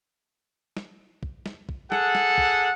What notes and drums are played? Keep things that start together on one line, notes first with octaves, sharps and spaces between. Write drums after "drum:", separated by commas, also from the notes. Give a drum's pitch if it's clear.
drum: snare
drum: kick
drum: snare
drum: kick
G#4 A4 F#5, drum: snare
drum: snare
drum: kick